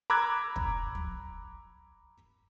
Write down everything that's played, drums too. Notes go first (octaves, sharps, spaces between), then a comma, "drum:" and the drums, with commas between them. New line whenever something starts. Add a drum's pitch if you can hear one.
A#5 B5 D6 E6 F#6 G#6
drum: kick
drum: tom